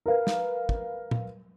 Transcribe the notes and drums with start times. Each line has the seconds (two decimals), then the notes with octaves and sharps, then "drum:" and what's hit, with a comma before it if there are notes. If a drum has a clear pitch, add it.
0.06 A#4 B4 F5
0.27 drum: snare
0.69 drum: kick
1.11 drum: tom